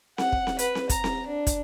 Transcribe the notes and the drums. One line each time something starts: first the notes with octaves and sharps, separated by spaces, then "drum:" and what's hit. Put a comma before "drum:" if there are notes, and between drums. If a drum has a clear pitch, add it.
F#5, drum: snare C4
drum: kick
drum: snare C4
B4, drum: hi-hat
drum: snare C4
A#5, drum: kick, hi-hat
drum: snare C4
D4
drum: kick, hi-hat